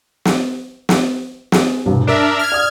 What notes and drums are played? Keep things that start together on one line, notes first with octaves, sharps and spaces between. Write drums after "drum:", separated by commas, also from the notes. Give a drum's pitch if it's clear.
drum: snare
drum: snare
G#4, drum: snare
E1 C2 G2
D4 A#4 E5 D7
F6 G#6
D5 D#6